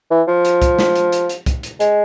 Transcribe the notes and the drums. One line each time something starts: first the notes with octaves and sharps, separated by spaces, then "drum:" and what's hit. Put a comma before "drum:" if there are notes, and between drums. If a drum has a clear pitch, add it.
E3
F3
drum: hi-hat
drum: kick C2, hi-hat
drum: snare
drum: hi-hat
drum: hi-hat
drum: hi-hat
drum: kick C2, hi-hat
drum: hi-hat
G#3, drum: hi-hat